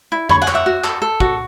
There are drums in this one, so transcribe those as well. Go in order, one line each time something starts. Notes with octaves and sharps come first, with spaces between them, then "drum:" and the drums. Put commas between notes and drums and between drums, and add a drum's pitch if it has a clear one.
E4
C#5 B5 C#6, drum: tom F2
F#5 G#5
C#5, drum: clap
E5 F#5
F#4
A4, drum: clap
A4
F#4, drum: kick